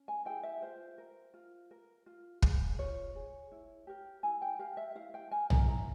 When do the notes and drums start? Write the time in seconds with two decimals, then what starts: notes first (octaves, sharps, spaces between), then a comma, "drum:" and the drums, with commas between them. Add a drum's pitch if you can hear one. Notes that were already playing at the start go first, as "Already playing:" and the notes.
Already playing: C#4
0.08 G#5
0.25 E4 G#4 G5
0.43 E5
0.62 F4 C5
0.98 A#4
1.34 F4
1.71 A#4
2.06 F4
2.42 G#4, drum: kick
2.78 F4 C#5
3.15 G#4
3.52 E4
3.87 G4 A#4
4.23 E4 G#5
4.42 G5
4.59 G4 A#4 F5
4.77 E5
4.95 E4 F5
5.14 G5
5.31 A#4 G#5
5.50 A#5, drum: tom B1
5.68 E4 A#5